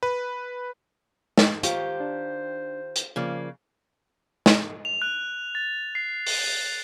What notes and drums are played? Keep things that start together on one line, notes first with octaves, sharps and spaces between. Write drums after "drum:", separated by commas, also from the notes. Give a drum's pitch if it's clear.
B4
drum: snare
D#3 F4 G4 C5 C#6, drum: hi-hat
D4
drum: hi-hat
C#3 F3 A#3 D5
drum: snare
F7
F#6
A6
C7
drum: open hi-hat